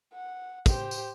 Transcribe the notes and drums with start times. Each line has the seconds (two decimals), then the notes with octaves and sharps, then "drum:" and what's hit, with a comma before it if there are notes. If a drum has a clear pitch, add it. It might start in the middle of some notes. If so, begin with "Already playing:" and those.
0.14 F#5
0.66 G4 C5, drum: kick, tambourine
0.91 drum: tambourine